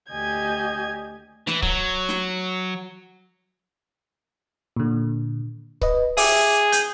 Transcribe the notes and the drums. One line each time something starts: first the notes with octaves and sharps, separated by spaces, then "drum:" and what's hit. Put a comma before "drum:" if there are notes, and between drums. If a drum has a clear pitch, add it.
D2 G4 D#5 G#5 G6 G#6
E3, drum: snare
F#3, drum: kick C#1
drum: snare
A#2 D3
B4 D#5, drum: kick C#1
G#4 E5 G5 D6, drum: open hi-hat
G6, drum: hi-hat